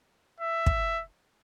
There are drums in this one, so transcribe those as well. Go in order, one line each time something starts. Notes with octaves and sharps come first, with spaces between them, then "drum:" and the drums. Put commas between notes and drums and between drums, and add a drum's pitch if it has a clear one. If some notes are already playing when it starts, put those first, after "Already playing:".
E5
drum: kick